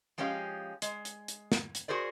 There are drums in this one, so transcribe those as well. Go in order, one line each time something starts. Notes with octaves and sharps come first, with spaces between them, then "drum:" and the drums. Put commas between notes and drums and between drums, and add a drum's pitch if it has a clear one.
F3 G#3 C#4 G4 C5 F5
G#3, drum: hi-hat
drum: hi-hat
drum: hi-hat
drum: snare
drum: hi-hat
F#4 G#4 A#4 C5 D5